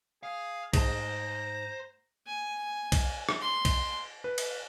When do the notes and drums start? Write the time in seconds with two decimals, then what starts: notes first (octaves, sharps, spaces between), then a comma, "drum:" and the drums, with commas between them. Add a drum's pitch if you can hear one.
0.23 G#4 F5
0.74 G#2 G#4 C5 A5 A#5, drum: kick, cymbal
2.27 G#5
2.92 drum: kick, cymbal
3.29 drum: rim click
3.40 C6
3.65 drum: kick, cymbal
4.24 B4
4.38 drum: cymbal